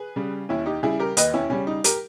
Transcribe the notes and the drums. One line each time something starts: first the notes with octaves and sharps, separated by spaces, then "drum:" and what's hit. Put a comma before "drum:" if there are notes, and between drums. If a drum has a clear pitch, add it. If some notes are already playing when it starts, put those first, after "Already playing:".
Already playing: G#4 B4
C#3 G3
D#2 C#4 E4
D#4 G4
C#3 G3 E4 G#4
G4 A#4
D#2 B4 D#5, drum: hi-hat
C#4 E4
C#3 G3 C#4
D#4
G4 A#4, drum: hi-hat